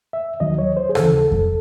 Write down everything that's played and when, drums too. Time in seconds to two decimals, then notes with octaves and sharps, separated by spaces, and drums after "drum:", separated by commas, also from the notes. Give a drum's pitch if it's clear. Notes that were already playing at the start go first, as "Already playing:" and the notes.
0.13 E5
0.40 D#2 D#3 F#3 D#5
0.58 C#5
0.77 C5
0.89 G#4
0.95 D#2 C#3 E3 A4, drum: rim click
1.32 drum: kick F2